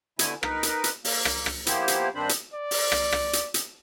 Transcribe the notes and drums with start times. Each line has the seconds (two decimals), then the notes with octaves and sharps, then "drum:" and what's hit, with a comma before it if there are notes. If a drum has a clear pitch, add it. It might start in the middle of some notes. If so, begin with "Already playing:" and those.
0.19 B2 D3 A3 E4 G#5, drum: hi-hat
0.43 D#4 A#4 B4, drum: rim click
0.63 drum: hi-hat
0.84 drum: hi-hat
1.05 A#3, drum: open hi-hat
1.25 drum: rim click
1.46 drum: rim click
1.67 F3 A#3 B3 E4 G4 C5, drum: hi-hat
1.88 drum: hi-hat
2.15 G2 D#3 C4 D4 C5 B5
2.29 drum: hi-hat
2.54 D5
2.71 drum: open hi-hat
2.92 drum: rim click
3.12 drum: rim click
3.33 drum: hi-hat
3.54 drum: hi-hat